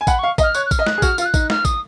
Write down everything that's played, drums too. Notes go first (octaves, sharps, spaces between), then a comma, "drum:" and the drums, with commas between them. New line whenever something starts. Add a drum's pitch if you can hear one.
G#5
F#5 B5, drum: kick A1, tambourine
F5 C#6
D#5, drum: kick A1, tambourine
F6
C#5 F#6, drum: tambourine
F#6
F6, drum: kick A1, tambourine
D#5
F#6, drum: snare
G#4
F#4 F6, drum: kick A1, tambourine
F4, drum: tambourine
F6
F#6
D#4, drum: kick A1, tambourine
F6, drum: snare
D#6, drum: kick A1, tambourine